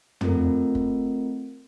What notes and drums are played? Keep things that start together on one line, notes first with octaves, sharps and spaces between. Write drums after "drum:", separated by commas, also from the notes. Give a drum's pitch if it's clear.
A3 C4 F4 A4 A#4, drum: tom
drum: kick